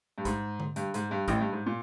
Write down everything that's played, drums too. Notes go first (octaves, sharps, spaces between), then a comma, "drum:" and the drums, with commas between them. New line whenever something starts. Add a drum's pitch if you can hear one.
G2
G#2, drum: kick A1, hi-hat
drum: tom D3
G2, drum: hi-hat
G#2, drum: hi-hat
G2
A1 A2, drum: kick A1, hi-hat
G2
G#2
A#2